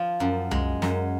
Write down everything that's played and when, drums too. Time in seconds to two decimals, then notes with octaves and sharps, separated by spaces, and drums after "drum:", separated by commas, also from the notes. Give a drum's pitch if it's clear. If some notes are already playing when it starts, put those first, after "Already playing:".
Already playing: F3 F4
0.20 F#2
0.51 G#3, drum: tom C2
0.82 F#2, drum: snare